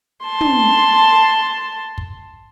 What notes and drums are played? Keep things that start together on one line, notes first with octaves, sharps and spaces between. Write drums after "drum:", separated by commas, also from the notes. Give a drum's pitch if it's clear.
A5 C6
drum: tom
drum: kick